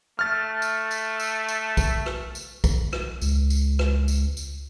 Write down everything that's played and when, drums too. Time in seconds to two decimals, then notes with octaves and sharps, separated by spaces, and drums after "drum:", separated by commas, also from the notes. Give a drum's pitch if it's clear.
0.19 A3 F6 A6
0.62 drum: tambourine
0.91 drum: tambourine
1.20 drum: tambourine
1.48 drum: tambourine
1.77 drum: kick B1, tambourine
2.06 drum: rim click
2.35 drum: tambourine
2.64 drum: kick B1, tambourine
2.93 drum: rim click
3.21 C#2, drum: tambourine
3.50 drum: tambourine
3.79 drum: rim click
4.08 drum: tambourine
4.37 drum: tambourine